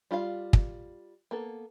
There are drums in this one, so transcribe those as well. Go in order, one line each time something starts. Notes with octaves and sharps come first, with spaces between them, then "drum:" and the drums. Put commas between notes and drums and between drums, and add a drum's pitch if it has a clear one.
G3 F4 G#4 F5
drum: kick
A#3 B3 A4